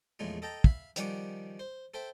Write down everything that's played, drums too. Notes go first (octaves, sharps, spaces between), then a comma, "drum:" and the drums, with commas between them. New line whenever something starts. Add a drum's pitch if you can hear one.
A#1 E2 C#3 G#3 A3 F4
A4 D#5 G5 A5 A#5
E5 F5 B5, drum: kick
D#3 F3 G3 C#4 F#5 D6, drum: hi-hat
C5
A4 C5 E5 G5